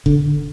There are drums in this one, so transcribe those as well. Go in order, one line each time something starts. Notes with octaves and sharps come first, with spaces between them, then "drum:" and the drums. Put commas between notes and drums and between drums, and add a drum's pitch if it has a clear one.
D3, drum: kick F1